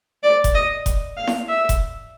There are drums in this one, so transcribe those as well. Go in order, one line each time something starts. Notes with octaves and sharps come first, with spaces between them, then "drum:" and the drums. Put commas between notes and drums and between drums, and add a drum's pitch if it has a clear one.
D5
drum: kick F1, hi-hat
D#5
drum: kick F1, hi-hat
F5
drum: snare E4
E5
drum: kick F1, hi-hat